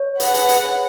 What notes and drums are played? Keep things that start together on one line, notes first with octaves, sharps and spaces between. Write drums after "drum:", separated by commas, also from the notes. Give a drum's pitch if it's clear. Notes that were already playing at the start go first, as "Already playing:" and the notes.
Already playing: C#5
G#4 B4 F#5, drum: hi-hat
drum: hi-hat
drum: hi-hat